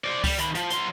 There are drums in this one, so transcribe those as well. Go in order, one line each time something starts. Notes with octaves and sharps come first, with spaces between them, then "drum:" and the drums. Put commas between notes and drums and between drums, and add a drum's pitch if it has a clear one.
C5 D5
G3, drum: kick C#2, open hi-hat
D#3 B5, drum: hi-hat
F3, drum: hi-hat
F#3 C6, drum: hi-hat